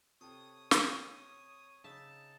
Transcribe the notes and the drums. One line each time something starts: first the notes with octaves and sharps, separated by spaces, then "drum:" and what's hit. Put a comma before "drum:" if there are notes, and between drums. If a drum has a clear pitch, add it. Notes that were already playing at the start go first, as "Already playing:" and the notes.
C3 A4 C#5 G5 D#6
drum: snare
C#3 D#4 E5 A5